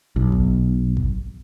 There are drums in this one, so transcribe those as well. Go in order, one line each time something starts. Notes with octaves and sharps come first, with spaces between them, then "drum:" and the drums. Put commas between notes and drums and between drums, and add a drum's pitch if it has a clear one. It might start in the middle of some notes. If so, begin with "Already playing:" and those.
B1
drum: kick G#1
drum: kick G#1